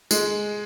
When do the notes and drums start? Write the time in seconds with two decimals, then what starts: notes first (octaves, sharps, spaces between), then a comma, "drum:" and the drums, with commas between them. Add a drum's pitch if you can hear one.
0.11 G#3, drum: tambourine